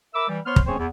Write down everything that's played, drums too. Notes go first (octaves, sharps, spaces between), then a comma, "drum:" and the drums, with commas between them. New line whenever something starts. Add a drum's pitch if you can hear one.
A#4 E5 B5 D6 E6
E3 G3
B3 C5 C#5 C6 F6
drum: kick
A3 C4 C#4 G#4 C5 C#5
E2